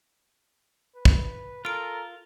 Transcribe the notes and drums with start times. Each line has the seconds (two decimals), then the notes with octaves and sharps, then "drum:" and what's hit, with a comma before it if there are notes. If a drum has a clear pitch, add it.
0.96 B4
1.05 drum: kick
1.65 F4 A4 A#4 F6 D7